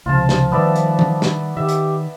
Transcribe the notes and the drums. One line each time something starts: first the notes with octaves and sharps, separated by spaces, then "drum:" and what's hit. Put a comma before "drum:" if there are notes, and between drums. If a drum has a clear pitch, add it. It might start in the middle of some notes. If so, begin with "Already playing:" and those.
C#2 C3 F3 F4 F5 A5
drum: snare
D#3 G3 B3 D5 E5
drum: hi-hat
drum: tom
drum: snare
D#3 G4 E5
drum: hi-hat